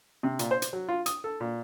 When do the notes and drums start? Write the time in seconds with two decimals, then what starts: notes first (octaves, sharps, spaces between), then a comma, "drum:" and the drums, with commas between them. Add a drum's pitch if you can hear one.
0.23 C3
0.39 A#2, drum: hi-hat
0.51 C5
0.62 drum: hi-hat
0.73 F#3
0.89 F4
1.06 D#6, drum: hi-hat
1.24 A4
1.40 A#2